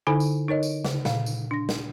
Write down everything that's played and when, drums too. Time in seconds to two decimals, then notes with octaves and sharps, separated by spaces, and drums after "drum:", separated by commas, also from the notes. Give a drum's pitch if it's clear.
0.07 D3 D#4 E4 A4 G#5 B5
0.20 drum: tambourine
0.48 D#4 A#4 C#5 D#5
0.63 drum: tambourine
0.85 C#3, drum: snare
1.05 A#2 F5, drum: snare
1.26 drum: tambourine
1.51 D4 A#6
1.69 drum: snare